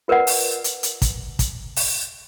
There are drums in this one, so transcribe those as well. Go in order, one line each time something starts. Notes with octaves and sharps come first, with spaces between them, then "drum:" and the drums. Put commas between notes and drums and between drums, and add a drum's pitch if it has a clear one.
F4 A#4 B4 D5 F#5
drum: open hi-hat
drum: hi-hat
drum: hi-hat
drum: kick, hi-hat
drum: kick, hi-hat
drum: open hi-hat